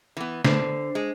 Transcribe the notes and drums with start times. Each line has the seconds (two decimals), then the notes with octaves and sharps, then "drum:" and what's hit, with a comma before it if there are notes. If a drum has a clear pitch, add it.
0.17 E3 B3
0.45 D3 D4 C5 C7, drum: snare
0.95 G#3